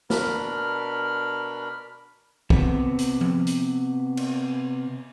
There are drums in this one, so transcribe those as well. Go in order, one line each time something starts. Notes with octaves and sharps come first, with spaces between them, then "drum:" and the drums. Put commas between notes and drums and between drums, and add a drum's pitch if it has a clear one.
B2 D4 A#4 B5 F6, drum: snare
C3 B3, drum: kick
drum: hi-hat
drum: tom F3
drum: hi-hat
drum: cymbal